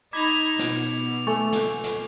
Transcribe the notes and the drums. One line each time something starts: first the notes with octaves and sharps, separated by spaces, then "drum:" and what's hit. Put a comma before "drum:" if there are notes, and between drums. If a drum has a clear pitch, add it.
D#4 B5 D6 G#6 F7
B2, drum: snare
A3 A4 G#5 C#6
drum: snare
drum: snare